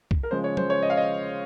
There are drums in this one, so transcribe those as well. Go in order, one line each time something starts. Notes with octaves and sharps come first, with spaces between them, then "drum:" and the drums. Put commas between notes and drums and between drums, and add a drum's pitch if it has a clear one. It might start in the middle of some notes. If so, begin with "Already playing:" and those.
drum: kick
A#4
C#3 F3 G#3 C#4 C5
C#5
C5, drum: tom
C#5
D#5
F5
D#5